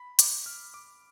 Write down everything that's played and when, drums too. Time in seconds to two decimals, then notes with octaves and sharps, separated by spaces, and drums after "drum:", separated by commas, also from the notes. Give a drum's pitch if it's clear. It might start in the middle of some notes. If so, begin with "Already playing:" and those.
Already playing: B5
0.19 D6, drum: hi-hat
0.46 F6
0.74 D6